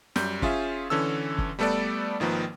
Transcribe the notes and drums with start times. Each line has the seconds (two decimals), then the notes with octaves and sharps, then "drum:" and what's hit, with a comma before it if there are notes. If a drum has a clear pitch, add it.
0.16 F#2 G3 G6, drum: snare
0.42 C#4 F4 G#4 E5, drum: kick
0.90 D3 E3 C#4 A4 E6
1.38 drum: kick
1.59 G3 A3 B3 A4 B4 D5
2.20 G#1 D#3 F3 A#3 B4